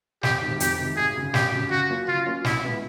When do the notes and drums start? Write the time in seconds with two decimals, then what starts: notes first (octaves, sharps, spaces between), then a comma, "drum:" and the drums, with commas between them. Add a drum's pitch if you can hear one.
0.23 F2 G4, drum: snare
0.41 C3 D#3 G#3
0.60 F2 G4, drum: hi-hat
0.79 C3 D#3 G#3
0.96 G#1 G#4
1.16 F#2 C#3
1.34 G#1 G4, drum: snare
1.53 F#2 C#3
1.71 C#3 F#4
1.89 F#3 A#3 C#4 F4
2.08 C#3 F4
2.26 F#3 A#3 C#4 F4
2.45 C2 E4, drum: snare
2.64 B2 G#3 B3 E4